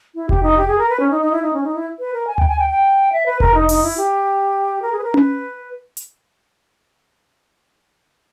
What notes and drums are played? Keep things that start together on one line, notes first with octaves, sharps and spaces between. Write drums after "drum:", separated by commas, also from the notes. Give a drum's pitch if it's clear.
E4
G4, drum: kick F1
D#4
G4
G#4
A#4
B4
C#4
D#4
D#4
E4
D#4
C#4
D#4
E4
B4
A#4
G#5
G5, drum: tom D2
G#5
G5
G5
E5
B4
A#4, drum: kick F1
D#4
D#4, drum: open hi-hat
E4
G4
A#4
G#4
B4
A#4
B4, drum: tom C#4
drum: hi-hat